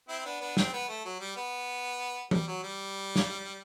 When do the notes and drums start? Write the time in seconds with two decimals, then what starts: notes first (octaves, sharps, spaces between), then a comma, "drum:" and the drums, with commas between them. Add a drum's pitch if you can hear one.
0.08 C4 E4
0.20 E4
0.25 B3 D4
0.41 B3 D4
0.57 C4, drum: snare
0.73 B3
0.88 A3
1.05 F#3
1.20 G3
1.36 B3
2.31 G3, drum: tom E3
2.47 F#3
2.63 G3
3.16 drum: snare